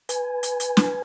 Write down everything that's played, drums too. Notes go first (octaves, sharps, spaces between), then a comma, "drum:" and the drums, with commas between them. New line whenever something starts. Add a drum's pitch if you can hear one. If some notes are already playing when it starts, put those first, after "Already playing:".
B4 G#5, drum: hi-hat
drum: hi-hat
drum: hi-hat
drum: snare